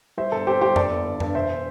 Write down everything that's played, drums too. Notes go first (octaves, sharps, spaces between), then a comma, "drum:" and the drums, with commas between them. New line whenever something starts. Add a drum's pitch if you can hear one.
G3 C5 E5
G1 A4
C4 G4 C5
G3 G4 C5
G1 A4 D5, drum: tom F2
G1
G1
G2, drum: tom F2
E1 C5 E5